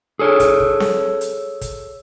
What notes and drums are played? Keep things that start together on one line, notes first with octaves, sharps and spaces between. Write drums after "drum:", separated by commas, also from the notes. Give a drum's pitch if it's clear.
G#4 A4 C#5
drum: kick, hi-hat
drum: kick
drum: snare C4
drum: hi-hat
drum: kick, hi-hat